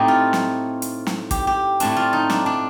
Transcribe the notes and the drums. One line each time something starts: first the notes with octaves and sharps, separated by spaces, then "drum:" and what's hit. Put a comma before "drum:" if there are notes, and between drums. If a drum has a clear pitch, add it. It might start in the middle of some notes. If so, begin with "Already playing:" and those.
Already playing: A2 A3 C4 D#4 G4
F4
drum: snare
drum: hi-hat
drum: snare
G4, drum: kick, hi-hat
G4
A2 A3 C4 D4, drum: hi-hat
F4
D#4
D4, drum: snare
D4